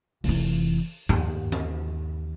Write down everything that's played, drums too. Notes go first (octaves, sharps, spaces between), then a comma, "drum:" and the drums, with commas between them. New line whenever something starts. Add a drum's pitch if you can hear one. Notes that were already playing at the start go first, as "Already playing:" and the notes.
F1 E3, drum: open hi-hat
D#2, drum: tom G2
drum: tom